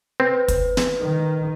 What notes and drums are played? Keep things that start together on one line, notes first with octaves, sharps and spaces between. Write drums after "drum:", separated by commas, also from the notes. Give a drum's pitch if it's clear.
C4 B4
drum: kick, hi-hat
drum: snare
D#3